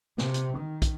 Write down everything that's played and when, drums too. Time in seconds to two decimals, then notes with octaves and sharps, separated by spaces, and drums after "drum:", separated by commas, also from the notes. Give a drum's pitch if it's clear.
0.18 C3, drum: snare
0.34 drum: hi-hat
0.57 D#3
0.82 drum: kick, hi-hat